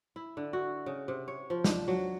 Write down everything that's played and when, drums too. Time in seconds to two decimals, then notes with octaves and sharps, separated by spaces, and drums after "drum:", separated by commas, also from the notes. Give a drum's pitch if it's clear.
0.16 E4
0.37 D3
0.53 F#4
0.86 C#3
1.08 C3
1.28 C#5
1.50 F3
1.64 D4, drum: snare
1.88 F#3